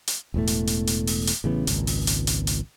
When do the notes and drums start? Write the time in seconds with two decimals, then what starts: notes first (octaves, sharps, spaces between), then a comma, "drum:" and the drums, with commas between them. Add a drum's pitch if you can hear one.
0.07 drum: hi-hat
0.34 E1 E2 A2 A3
0.47 drum: hi-hat
0.67 drum: hi-hat
0.87 drum: hi-hat
1.07 drum: open hi-hat
1.27 drum: hi-hat
1.44 A1 C#3 E3 B3
1.67 G#1 C#2 A#2, drum: hi-hat
1.87 drum: open hi-hat
2.07 drum: hi-hat
2.27 drum: hi-hat
2.47 drum: hi-hat